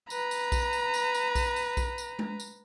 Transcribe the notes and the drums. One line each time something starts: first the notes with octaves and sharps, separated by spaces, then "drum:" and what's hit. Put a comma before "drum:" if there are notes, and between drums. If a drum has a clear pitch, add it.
B4 A#5, drum: tambourine
drum: tambourine
drum: kick B1, tambourine
drum: tambourine
drum: tambourine
drum: tambourine
drum: kick B1, tambourine
drum: tambourine
drum: kick B1, tambourine
drum: tambourine
drum: tom G#3
drum: tambourine